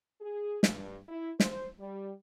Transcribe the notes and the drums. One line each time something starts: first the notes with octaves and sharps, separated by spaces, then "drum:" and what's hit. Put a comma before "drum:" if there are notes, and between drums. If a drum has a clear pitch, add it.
G#4
G2, drum: snare
E4
C5, drum: snare
G3